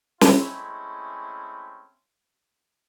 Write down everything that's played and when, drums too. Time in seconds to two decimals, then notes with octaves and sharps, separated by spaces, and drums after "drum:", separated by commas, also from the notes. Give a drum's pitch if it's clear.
0.21 G#3 A3 C4 C#4 E4, drum: snare